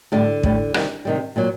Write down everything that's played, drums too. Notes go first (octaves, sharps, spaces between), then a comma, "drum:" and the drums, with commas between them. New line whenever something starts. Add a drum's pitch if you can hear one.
A2 D3 G3 D4
A2 G3, drum: kick
C3 D#3 G3, drum: rim click
C3 D#3 G3
A#2 F#3